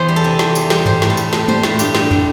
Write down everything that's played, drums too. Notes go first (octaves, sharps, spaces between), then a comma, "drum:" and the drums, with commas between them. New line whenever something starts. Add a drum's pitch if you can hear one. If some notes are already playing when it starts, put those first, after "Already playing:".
Already playing: E2 C5
G3
A4
C3
E2, drum: snare
E2, drum: tambourine
G3, drum: snare
G3 C5, drum: tom G2
A2, drum: snare
A4
G3, drum: tambourine
A2 A4, drum: snare
G3 C5, drum: tom G#3
A2 A4, drum: snare
G2 G4, drum: tambourine
G3, drum: snare
D3, drum: tom